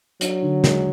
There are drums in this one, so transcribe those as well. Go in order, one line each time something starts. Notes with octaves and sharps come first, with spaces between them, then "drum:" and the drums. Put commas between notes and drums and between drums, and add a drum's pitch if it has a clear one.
F#3 D4, drum: hi-hat
D3
G#3, drum: snare